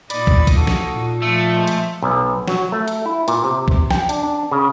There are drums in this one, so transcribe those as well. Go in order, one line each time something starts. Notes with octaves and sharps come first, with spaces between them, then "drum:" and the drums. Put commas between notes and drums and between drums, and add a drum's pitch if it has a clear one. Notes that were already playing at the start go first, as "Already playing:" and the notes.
A#2 A#3 D#4 D5 B5, drum: hi-hat
drum: kick
drum: kick, hi-hat
F#4 A4
drum: snare
A#2
F3 A3 E6
G#3 C5
drum: hi-hat
B1
F#3, drum: snare
A3
drum: hi-hat
E4
A#2, drum: hi-hat
C3
drum: kick
G5, drum: snare
D4, drum: hi-hat
D4
C#3